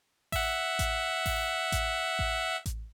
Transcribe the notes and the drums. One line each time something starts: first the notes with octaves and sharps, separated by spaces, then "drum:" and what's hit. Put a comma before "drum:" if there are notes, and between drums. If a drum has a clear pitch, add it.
E5 F#5, drum: kick A1, open hi-hat
drum: kick A1, hi-hat
drum: kick A1, open hi-hat
drum: kick A1, hi-hat
drum: kick A1
drum: kick A1, hi-hat